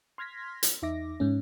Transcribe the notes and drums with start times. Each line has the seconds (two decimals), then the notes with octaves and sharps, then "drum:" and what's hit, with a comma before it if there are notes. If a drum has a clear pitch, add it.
0.18 C6 F6 G#6 A#6 B6
0.63 drum: hi-hat
0.82 E2 D#4 E5 D6 A#6
1.20 G#2 C#4